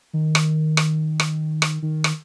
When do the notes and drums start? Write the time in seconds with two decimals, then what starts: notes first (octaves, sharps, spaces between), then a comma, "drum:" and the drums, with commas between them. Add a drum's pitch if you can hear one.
0.14 D#3
0.35 drum: rim click
0.77 drum: rim click
1.20 drum: rim click
1.62 drum: rim click
1.82 D#3
2.04 drum: rim click